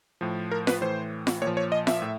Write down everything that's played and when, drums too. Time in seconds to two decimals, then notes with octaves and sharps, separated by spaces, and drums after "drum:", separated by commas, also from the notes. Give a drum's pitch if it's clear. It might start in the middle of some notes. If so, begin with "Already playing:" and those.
0.21 A2 F3
0.51 A#4
0.67 B4, drum: snare F4
0.81 A2 E3 C5
1.27 drum: snare F4
1.42 A#2 C#5
1.47 F3
1.57 C#5
1.72 D#5
1.87 E5, drum: snare F4
2.02 A2